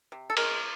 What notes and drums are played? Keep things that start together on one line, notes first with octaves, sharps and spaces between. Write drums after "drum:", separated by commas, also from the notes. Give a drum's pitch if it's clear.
C3
A4
G#3 A#4, drum: cymbal